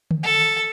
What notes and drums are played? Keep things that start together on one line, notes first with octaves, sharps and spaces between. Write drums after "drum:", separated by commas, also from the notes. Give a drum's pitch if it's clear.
drum: tom D3
A4